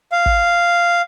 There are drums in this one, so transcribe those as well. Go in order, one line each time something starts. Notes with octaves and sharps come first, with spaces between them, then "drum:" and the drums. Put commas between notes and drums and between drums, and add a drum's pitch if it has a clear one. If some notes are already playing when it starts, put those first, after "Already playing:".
F5
drum: kick